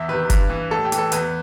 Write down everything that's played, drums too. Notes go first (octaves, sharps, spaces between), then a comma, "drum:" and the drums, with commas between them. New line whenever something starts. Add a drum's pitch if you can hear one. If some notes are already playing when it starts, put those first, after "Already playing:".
Already playing: E2 E5
C3 D#3 B4
G2, drum: kick F#1, hi-hat
E3
A2 A4
G4
E3, drum: hi-hat
A4
E2 B4, drum: hi-hat